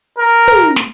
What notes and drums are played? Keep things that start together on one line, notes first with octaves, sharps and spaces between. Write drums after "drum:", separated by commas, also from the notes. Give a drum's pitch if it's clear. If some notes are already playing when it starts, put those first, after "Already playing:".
A#4
drum: tom
drum: snare